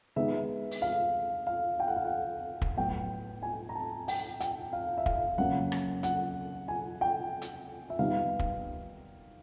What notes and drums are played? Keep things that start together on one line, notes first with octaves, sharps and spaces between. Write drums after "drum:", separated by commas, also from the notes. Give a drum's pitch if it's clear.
D#3 G#3 B3 E5
drum: open hi-hat
F5
F5
G5
F#5
F5
F#5
drum: kick
A2 F#3 B3 G5
G#5
A#5
A5
G5, drum: open hi-hat
G5, drum: hi-hat
F5
E5
F5, drum: kick
F#2 C#3 F#3 A#3 C#4 F#5
drum: rim click
F#5, drum: hi-hat
G#5
G5
drum: hi-hat
E5
D#3 G3 B3 F5
drum: kick